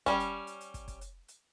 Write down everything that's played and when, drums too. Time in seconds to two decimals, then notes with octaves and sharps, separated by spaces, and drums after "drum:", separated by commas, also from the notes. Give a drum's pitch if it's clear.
0.06 G3 C#4, drum: kick, hi-hat
0.20 drum: hi-hat
0.47 drum: hi-hat
0.61 drum: hi-hat
0.74 drum: kick, hi-hat
0.88 drum: kick, hi-hat
1.01 drum: hi-hat
1.28 drum: hi-hat